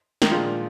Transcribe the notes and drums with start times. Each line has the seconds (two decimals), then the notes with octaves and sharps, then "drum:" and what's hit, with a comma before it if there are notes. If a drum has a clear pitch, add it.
0.22 D#3, drum: snare
0.31 A#2 F3 G#3 D4 F4